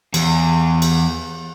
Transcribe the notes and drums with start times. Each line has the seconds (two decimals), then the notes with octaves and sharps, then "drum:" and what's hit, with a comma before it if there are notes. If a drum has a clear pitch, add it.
0.14 E2, drum: cymbal
0.82 drum: cymbal